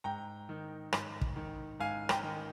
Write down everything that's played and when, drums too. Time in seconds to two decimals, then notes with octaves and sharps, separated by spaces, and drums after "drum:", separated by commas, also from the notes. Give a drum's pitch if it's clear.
0.04 G#2 G5 A#5
0.49 D#3
0.93 G#2, drum: rim click
1.21 drum: kick
1.36 D#3
1.79 G#2 F5 G#5
2.09 G5 A#5, drum: rim click
2.23 D#3